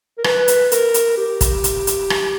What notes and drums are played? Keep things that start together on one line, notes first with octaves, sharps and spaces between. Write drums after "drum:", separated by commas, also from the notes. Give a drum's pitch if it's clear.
A#4
B4, drum: rim click
drum: hi-hat
A#4, drum: hi-hat
drum: hi-hat
G4
drum: kick, hi-hat
drum: hi-hat
drum: hi-hat
drum: rim click